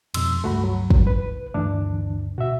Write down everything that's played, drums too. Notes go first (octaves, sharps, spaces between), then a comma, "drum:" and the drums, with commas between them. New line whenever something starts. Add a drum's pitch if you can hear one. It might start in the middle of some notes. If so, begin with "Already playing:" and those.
F2 B2 C6 E6, drum: cymbal
C#2 G2 A3 F#4 B5
F#3
drum: kick
C2 B4
D2 G2 E3 A3 D4
B2 F#4 E5